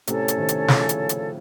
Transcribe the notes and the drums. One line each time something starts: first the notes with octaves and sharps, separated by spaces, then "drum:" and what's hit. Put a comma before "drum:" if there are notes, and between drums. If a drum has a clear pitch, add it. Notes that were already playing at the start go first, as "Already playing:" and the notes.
A2 C3 C#4 A4 C#5, drum: hi-hat
drum: hi-hat
C3 D#3
drum: hi-hat
C#3 F3, drum: snare
drum: hi-hat
drum: hi-hat